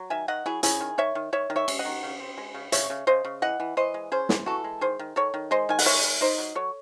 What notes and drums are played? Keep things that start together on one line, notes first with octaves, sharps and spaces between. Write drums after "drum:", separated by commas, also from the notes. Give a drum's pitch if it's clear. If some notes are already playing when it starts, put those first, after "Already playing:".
Already playing: F#3
D#3 E5 G#5
D#3 D#5 F#5
F#3 E4 G#4
C#4 E4 G#4, drum: hi-hat
D#3
D#3 C#5 E5
D#3
D#3 C#5 E5
D#3
C#5 E5
G#3, drum: cymbal
D#5 F#5
D#3
C#3
C4
G#3
C#3
C#3 C#5 E5, drum: hi-hat
C#3
C#3 C5 D#5
C#3
E3 D#5 F#5
E3
E3 C5 D#5
G#3
C#4 G#4 C5
E3, drum: snare
E3 F#4 A4
G#3
D#3 G#4 C5
D#3
D#3 A4 C#5
D#3
G#3 C5 D#5
D#3 G#5
F#5, drum: open hi-hat
G#3 C#5 E5
D#3
D#4 C5 D#5
F#3
F#3 A4 C#5